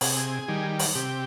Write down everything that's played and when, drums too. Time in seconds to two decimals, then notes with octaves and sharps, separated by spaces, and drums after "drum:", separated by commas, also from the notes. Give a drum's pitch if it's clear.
0.01 C3 G#4, drum: open hi-hat
0.48 D#3 G3
0.79 drum: open hi-hat
0.95 C3 G4